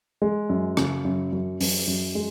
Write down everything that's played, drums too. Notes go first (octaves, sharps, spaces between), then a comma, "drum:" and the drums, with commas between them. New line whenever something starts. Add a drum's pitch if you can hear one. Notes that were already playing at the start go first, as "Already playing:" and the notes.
G#3
F#2
C#3, drum: rim click
F#2
F#2
F#2, drum: open hi-hat
F#2
G#3